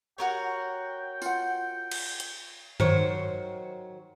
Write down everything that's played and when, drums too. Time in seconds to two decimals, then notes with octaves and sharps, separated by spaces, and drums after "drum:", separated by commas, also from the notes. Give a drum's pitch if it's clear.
0.18 F#4 A#4 C#5 G5
1.22 F4 F#5, drum: tambourine
1.91 drum: cymbal
2.20 drum: hi-hat
2.80 D#3 F#3 C5 C#5, drum: tom G2